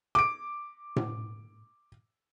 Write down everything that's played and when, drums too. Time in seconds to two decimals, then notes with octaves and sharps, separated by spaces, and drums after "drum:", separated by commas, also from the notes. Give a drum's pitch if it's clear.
0.15 D6 D7
0.96 drum: tom A2